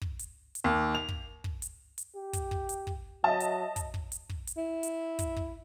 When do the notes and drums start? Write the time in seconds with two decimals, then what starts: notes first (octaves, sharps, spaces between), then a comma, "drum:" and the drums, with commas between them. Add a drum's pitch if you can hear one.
0.01 drum: kick
0.19 drum: hi-hat
0.55 drum: hi-hat
0.64 D#2
0.95 F7
1.08 drum: kick
1.44 drum: kick
1.62 drum: hi-hat
1.98 drum: hi-hat
2.15 G4
2.33 drum: kick, hi-hat
2.51 drum: kick
2.69 drum: hi-hat
2.87 drum: kick
3.24 F#3 D#5 E5 A5
3.40 drum: hi-hat
3.76 drum: kick, hi-hat
3.94 drum: kick
4.12 drum: hi-hat
4.29 drum: kick
4.47 drum: hi-hat
4.57 E4
4.83 drum: hi-hat
5.19 drum: kick, hi-hat
5.36 drum: kick